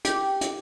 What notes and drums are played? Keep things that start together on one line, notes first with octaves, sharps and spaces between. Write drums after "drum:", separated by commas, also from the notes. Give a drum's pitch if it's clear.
G4, drum: hi-hat
drum: hi-hat